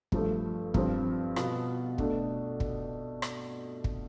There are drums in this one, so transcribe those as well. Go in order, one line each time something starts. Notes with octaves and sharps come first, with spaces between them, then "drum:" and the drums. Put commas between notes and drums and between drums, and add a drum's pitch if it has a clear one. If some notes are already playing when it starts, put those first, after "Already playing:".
G2 F3 A3, drum: kick
G2 F3 C4, drum: kick
B2 B3 F4, drum: rim click
B2 A3 D4, drum: kick
drum: kick
drum: rim click
drum: kick